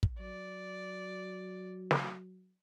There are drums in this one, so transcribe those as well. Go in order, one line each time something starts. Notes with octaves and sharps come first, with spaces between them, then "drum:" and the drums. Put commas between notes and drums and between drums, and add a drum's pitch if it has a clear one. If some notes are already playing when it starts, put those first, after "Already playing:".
drum: kick
F#3 D5
drum: snare